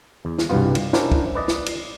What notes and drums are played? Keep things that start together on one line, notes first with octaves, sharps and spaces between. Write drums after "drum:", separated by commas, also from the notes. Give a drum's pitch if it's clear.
E2
drum: snare
C2 G2 B2 B3 F4
drum: cymbal
C#4 D4 E4 F#4 A#4 C5, drum: snare
drum: kick
B4 D5 D#5
drum: snare
drum: cymbal